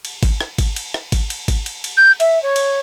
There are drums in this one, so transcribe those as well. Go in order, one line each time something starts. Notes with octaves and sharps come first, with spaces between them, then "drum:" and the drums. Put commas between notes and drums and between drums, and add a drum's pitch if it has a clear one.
drum: cymbal
drum: kick G#1, cymbal
drum: rim click
drum: kick G#1, cymbal
drum: cymbal
drum: rim click
drum: kick G#1, cymbal
drum: cymbal
drum: kick G#1, cymbal
drum: cymbal
drum: cymbal
G6
E5, drum: cymbal
C#5
drum: cymbal